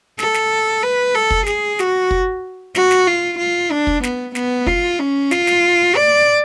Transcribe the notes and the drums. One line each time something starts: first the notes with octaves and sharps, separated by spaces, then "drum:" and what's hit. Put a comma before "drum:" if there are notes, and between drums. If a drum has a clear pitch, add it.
A4, drum: snare
drum: snare
B4
A4
drum: kick
G#4, drum: snare
F#4, drum: snare
drum: kick
F#4, drum: snare
drum: snare
F4
F4
D4
drum: kick
B3, drum: snare
B3, drum: snare
F4, drum: kick
C#4
F4, drum: snare
drum: snare
D5